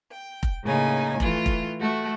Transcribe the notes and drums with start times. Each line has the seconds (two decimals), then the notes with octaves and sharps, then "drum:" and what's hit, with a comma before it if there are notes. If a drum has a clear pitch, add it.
0.10 G5
0.43 drum: kick F1
0.63 A2 C#3 A#3 D#4 G#5
1.20 E3 A3 F4, drum: kick F1
1.46 drum: kick F1
1.80 A3 F#4 A4